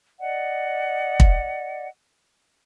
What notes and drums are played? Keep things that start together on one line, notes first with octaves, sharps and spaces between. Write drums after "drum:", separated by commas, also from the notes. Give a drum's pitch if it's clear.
D5 D#5 F#5
drum: kick